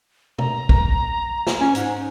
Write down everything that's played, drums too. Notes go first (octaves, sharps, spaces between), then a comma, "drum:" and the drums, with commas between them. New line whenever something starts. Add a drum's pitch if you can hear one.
A#5, drum: tom
drum: kick
drum: snare
C#4
G#2, drum: hi-hat